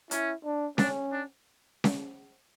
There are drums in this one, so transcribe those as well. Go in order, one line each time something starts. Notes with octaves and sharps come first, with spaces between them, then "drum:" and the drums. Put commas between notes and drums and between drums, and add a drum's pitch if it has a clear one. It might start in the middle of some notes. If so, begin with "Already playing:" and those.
C#4 E4, drum: hi-hat
D4
C#4 D4, drum: snare C#4
D4
drum: snare C#4